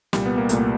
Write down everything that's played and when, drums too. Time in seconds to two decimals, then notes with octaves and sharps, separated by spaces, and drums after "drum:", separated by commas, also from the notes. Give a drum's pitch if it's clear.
0.13 C2 A#2 G3, drum: snare
0.26 B3
0.38 A#3
0.49 C2 A#2 A3, drum: hi-hat